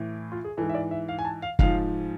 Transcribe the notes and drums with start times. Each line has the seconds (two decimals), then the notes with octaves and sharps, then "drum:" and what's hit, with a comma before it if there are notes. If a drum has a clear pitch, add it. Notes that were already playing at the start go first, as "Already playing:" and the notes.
Already playing: A2 E3
0.32 F4
0.44 G#4
0.57 G#2 E3 A4
0.69 E5
0.75 D5
0.91 E5
1.08 F5
1.19 G#5
1.25 A5
1.42 F5
1.59 G#2 F3 F5, drum: kick